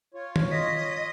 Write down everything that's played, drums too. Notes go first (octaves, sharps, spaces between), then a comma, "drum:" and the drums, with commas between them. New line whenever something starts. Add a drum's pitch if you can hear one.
F4 C#5
drum: tom D#3
D#5 C6 A#6 B6